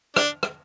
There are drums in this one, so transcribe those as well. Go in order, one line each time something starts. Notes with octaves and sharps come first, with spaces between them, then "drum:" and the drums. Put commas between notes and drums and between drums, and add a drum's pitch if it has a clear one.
D4, drum: rim click
drum: rim click